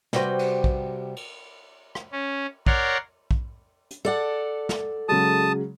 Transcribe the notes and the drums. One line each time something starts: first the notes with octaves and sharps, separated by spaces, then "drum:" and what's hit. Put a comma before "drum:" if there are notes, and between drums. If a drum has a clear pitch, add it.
C3 G3 F#4 B4 C5, drum: snare
drum: cymbal
drum: kick
drum: cymbal
drum: rim click
C#4
A#4 C#5 D5 F#5 A#5 C6, drum: kick
drum: kick
drum: hi-hat
A4 D5 F#5
drum: snare
C#3 F#3 G#3 A5 D#6